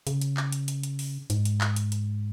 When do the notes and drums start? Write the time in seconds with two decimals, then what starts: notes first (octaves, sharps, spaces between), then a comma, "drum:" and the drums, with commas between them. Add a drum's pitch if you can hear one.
0.07 C#3, drum: hi-hat
0.21 drum: hi-hat
0.37 drum: clap
0.52 drum: hi-hat
0.68 drum: hi-hat
0.83 drum: hi-hat
0.99 drum: open hi-hat
1.30 G#2, drum: hi-hat
1.45 drum: hi-hat
1.61 drum: clap
1.76 drum: hi-hat
1.92 drum: hi-hat